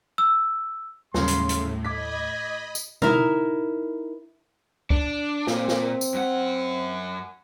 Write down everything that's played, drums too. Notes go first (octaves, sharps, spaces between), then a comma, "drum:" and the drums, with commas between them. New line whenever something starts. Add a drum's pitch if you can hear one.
E6
D#2 A2 C#3 F#3 G3 C6, drum: snare
drum: hi-hat
drum: hi-hat
D#5 B5 D6 G#6 B6
drum: tambourine
D#4 E4 A#4, drum: tom B2
D4, drum: kick
A#2 C4, drum: snare
drum: snare
drum: tambourine
F#2 F#5